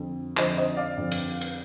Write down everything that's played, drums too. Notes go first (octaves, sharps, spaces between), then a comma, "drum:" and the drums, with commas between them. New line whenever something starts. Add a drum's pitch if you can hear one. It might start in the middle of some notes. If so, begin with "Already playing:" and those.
Already playing: F2 D3 F3
F2 D3 F3 C5 D#5, drum: clap
C5 D#5
D5 F5
F2 D3 F3
drum: cymbal
drum: cymbal